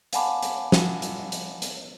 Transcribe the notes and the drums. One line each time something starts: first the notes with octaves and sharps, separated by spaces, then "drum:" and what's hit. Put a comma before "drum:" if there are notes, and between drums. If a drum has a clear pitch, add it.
F5 F#5 G#5 A5 B5 D6, drum: hi-hat
drum: hi-hat
drum: snare
drum: hi-hat
drum: hi-hat
drum: hi-hat